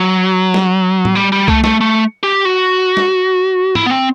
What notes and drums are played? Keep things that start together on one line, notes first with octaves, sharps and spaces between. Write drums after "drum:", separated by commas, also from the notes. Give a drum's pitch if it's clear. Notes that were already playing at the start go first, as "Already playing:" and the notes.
Already playing: F#3
drum: snare
drum: tom
G3
G3
A3, drum: kick C2
A3, drum: snare
A3
G4
F#4
drum: snare
E4, drum: tom
B3
C4